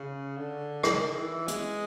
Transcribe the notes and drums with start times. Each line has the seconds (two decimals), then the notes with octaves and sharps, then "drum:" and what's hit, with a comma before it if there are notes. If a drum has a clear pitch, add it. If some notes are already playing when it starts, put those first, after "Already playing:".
Already playing: C#3
0.37 D3
0.83 D#3, drum: rim click
1.16 E3
1.48 G#3, drum: hi-hat